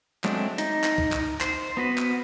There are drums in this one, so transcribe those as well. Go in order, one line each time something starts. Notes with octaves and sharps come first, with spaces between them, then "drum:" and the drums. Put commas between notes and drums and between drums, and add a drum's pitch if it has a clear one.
F#3 G#3 A3 C4 D4, drum: clap
D#4, drum: hi-hat
drum: clap
drum: kick B1
drum: clap
C5, drum: clap
B3 F#4 B4
drum: clap